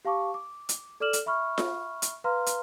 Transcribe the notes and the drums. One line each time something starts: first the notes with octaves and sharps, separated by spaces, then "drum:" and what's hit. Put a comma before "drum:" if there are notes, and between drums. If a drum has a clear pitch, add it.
G4 F5 A5 C#6 D6
D6
drum: hi-hat
A4 D5 D6 F6 E7 F#7
drum: hi-hat
E5 B5 C#6 F6
drum: snare F4
drum: hi-hat
B4 F5 A#5 C6 F6
drum: hi-hat